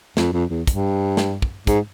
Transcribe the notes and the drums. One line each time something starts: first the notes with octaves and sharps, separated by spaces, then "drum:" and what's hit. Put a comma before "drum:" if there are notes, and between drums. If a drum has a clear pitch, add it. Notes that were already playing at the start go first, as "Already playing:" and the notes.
F2, drum: snare
F2
E2
G2, drum: kick, hi-hat
drum: snare
drum: kick
G#2, drum: kick, hi-hat